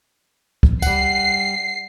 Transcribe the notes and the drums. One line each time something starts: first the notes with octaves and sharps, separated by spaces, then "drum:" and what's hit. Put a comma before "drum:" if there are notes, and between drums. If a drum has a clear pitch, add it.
drum: kick
G3 F#5 C7, drum: tambourine